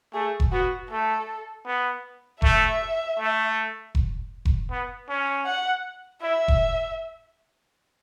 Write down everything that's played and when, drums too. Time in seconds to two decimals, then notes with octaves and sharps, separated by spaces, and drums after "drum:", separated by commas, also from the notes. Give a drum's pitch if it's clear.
0.14 A3 G#4
0.40 drum: kick F1
0.52 B3 F#4
0.91 A3 A4
1.66 B3
2.42 A3 E5, drum: kick F1
3.19 A3
3.95 drum: kick F1
4.45 drum: kick F1
4.71 B3
5.09 C#4
5.46 F#5
6.22 E4 E5
6.48 drum: kick F1